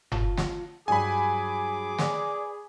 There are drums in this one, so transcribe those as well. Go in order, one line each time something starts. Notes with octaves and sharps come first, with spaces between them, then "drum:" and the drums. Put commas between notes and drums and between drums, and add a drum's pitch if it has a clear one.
F4 A5, drum: tom F#1
drum: snare
G2 F#3 G3 G#4 G#5 B5 D6
B4 D5, drum: snare